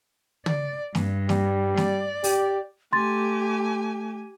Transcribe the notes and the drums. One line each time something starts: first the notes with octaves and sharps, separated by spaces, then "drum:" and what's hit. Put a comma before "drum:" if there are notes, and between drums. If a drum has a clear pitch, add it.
D5, drum: tom
G2, drum: snare
G3, drum: snare
D5, drum: snare
G4, drum: open hi-hat
A3 G4 G#5 C6 A6